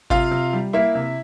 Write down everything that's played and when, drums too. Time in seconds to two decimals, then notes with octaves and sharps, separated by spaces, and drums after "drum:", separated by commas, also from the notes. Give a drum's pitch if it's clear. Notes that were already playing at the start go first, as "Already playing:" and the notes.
0.10 C3 F4 F5, drum: kick G#1
0.31 C3
0.53 G3
0.73 A#3 E4 E5
0.95 C3